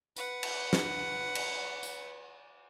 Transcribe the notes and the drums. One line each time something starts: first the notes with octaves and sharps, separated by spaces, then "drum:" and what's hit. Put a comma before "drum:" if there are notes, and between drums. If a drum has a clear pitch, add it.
B4 F#5, drum: tambourine
drum: cymbal
drum: snare
drum: cymbal
drum: tambourine